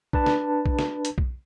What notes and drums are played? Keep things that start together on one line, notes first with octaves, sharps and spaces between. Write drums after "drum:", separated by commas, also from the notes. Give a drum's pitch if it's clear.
D4 B4 A5, drum: kick B1
drum: snare
drum: kick B1
drum: snare
drum: hi-hat
drum: kick B1